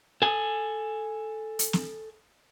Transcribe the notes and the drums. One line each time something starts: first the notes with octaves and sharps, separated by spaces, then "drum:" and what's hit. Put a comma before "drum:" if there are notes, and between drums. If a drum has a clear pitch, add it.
A4 G#5
drum: hi-hat
drum: snare